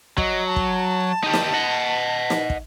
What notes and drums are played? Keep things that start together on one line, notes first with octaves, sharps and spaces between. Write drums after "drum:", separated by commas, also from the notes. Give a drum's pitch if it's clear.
F#3 D#5, drum: kick
A5
drum: kick
D#4 G4
drum: snare
D#5 F#5
drum: snare
drum: kick